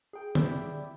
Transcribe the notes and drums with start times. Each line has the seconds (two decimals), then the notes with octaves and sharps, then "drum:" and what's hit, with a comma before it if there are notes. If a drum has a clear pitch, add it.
0.13 G#4 G5
0.35 E4 G4 D5, drum: tom